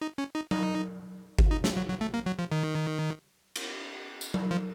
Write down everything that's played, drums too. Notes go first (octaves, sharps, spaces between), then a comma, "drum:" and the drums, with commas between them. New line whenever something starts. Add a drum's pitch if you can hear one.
D#4
C#4
D#4
D#4, drum: tom F#3
drum: kick G1
D#4
A3, drum: snare
F#3
F#3
A3
A#3
F#3
F3
D#3
drum: cymbal
drum: tambourine
drum: tom F#3
F3